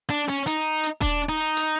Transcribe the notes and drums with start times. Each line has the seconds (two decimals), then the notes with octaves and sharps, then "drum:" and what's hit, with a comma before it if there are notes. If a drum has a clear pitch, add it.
0.10 D4
0.29 C#4
0.47 D#4, drum: hi-hat
0.83 drum: hi-hat
1.01 D4, drum: kick D#1
1.29 D#4
1.57 drum: hi-hat